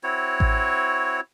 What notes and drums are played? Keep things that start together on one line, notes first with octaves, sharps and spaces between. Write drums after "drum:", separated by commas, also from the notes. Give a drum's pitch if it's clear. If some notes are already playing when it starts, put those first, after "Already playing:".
C4 E4 F#4 C#5
drum: kick A1